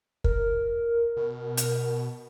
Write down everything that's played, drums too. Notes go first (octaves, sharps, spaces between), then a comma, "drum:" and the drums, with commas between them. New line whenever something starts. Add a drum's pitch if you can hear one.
A#4, drum: kick
B2
drum: hi-hat